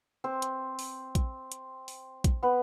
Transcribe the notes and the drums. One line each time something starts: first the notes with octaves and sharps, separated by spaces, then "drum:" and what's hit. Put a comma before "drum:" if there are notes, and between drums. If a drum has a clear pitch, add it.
C4 C5
drum: hi-hat
drum: open hi-hat
drum: kick A#1, hi-hat
drum: hi-hat
drum: open hi-hat
drum: kick A#1, hi-hat
B3 B4